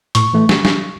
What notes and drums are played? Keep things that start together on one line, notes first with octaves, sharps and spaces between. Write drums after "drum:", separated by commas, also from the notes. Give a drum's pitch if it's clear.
A2 C#6, drum: hi-hat
E3 A3
drum: snare
drum: snare